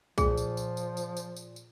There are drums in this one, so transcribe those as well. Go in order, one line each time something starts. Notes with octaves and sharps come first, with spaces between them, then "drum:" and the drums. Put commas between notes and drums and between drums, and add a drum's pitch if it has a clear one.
A#2 F3 G#4, drum: kick B1, tambourine
drum: tambourine
drum: tambourine
drum: tambourine
drum: tambourine
drum: tambourine
drum: tambourine
drum: tambourine